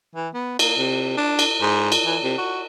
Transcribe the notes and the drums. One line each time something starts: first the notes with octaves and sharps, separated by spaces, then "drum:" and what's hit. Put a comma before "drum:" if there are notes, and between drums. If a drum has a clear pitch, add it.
E3
B3
A#3, drum: cymbal
C3
D4
drum: cymbal
G#2
drum: cymbal
E3
C3
F#4